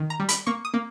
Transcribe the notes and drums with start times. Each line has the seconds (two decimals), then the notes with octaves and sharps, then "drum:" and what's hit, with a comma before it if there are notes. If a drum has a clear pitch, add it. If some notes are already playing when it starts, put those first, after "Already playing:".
Already playing: D#3
0.10 A#5
0.20 G3
0.29 B5, drum: hi-hat
0.46 A#3 C#6
0.65 D#6
0.74 A#3